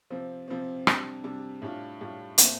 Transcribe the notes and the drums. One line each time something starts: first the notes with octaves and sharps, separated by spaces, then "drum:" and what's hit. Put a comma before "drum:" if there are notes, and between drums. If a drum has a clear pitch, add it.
C3 F3 C4
C3 F3 C4
C3 G3 D4, drum: rim click
C3 G3 D4
A2 G3 D4 F4
A2 G3 D4 F4
A#2 A3 C4, drum: hi-hat